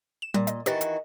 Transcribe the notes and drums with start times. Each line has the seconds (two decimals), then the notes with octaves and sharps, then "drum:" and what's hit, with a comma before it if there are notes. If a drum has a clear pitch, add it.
0.22 E7
0.34 A#2 G3
0.47 D#5, drum: hi-hat
0.66 D#3 E3 F#4 G4 B4 A6, drum: hi-hat
0.81 drum: hi-hat